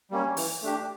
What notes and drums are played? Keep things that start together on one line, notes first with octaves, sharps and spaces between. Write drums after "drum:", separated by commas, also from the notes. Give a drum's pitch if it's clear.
G3 A#3 C#4
E3, drum: open hi-hat
A3 D4 G4